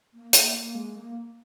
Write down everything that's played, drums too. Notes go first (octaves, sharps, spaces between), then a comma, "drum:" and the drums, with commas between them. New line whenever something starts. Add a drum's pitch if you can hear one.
A#3
A#3, drum: hi-hat
A#3
G#3
A#3